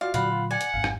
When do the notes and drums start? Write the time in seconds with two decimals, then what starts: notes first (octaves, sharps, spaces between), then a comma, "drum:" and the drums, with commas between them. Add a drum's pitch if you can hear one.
0.01 F4 F#4 D5 F5
0.14 A#2 D3 F#3 F5 F#5 B5, drum: hi-hat
0.31 F4
0.51 D5 F#5 G#5
0.61 drum: hi-hat
0.74 G#1 F2 G#2 F5
0.84 drum: rim click